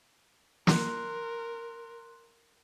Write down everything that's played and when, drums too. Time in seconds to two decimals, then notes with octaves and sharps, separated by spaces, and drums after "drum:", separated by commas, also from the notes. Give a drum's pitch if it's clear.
0.67 A#4 C6 F#6, drum: snare